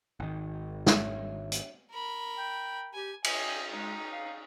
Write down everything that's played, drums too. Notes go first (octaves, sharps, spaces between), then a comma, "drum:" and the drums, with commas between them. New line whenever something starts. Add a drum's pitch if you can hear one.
G#1 D#3
D4 C#5 E5, drum: snare
drum: hi-hat
A#4 B5
G5
G4 G#5
D#5 G#5, drum: cymbal
G#3 D#4
F5